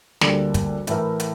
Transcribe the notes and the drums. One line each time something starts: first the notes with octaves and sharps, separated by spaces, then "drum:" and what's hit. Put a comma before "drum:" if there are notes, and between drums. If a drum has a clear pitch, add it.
D2 D3 G3 A#3, drum: snare
drum: kick, hi-hat
A2 E3 A3 E4 A#4, drum: hi-hat
drum: hi-hat